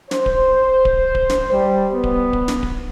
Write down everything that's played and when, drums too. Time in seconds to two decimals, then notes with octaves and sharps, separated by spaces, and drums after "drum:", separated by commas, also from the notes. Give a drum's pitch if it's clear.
0.11 C5, drum: snare
0.26 drum: kick D1
0.85 drum: kick D1
1.15 drum: kick D1
1.30 drum: snare
1.52 G3
1.93 B3
2.04 drum: kick D1
2.33 drum: kick D1
2.48 drum: snare
2.63 drum: kick D1